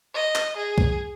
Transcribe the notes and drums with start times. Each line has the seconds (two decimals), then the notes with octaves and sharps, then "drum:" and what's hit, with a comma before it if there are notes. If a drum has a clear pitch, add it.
0.14 D#5
0.35 drum: clap
0.57 G#4
0.78 drum: kick